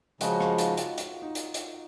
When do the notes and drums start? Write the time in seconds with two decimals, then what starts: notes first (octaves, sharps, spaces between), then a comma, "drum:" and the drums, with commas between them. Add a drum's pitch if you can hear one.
0.21 C#3 F3 G#3 F#4, drum: hi-hat
0.40 F4, drum: rim click
0.58 D#4, drum: hi-hat
0.77 F4, drum: hi-hat
0.98 F4, drum: hi-hat
1.22 D#4
1.35 drum: hi-hat
1.54 drum: hi-hat